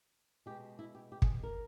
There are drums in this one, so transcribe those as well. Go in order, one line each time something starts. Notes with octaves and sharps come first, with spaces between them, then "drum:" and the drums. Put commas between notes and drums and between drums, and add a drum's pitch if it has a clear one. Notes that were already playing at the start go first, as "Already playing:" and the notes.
B2 G#3 G4
E4
G4
G4
G#4, drum: kick
A#4